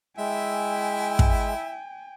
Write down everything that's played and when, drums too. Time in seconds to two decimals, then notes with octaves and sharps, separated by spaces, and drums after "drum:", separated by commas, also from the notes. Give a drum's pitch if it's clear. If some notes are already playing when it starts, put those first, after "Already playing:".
0.18 G#3 E4 E5 G5 G#5
1.19 drum: kick